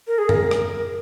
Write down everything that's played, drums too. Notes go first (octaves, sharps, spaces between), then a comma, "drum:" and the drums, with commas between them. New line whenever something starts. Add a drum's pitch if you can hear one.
A#4
G#4
A#4, drum: tom F#2
drum: rim click